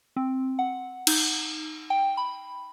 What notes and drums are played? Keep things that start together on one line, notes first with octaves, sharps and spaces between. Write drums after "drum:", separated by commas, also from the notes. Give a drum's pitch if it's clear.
C4
F#5
D#4, drum: cymbal
G5
B5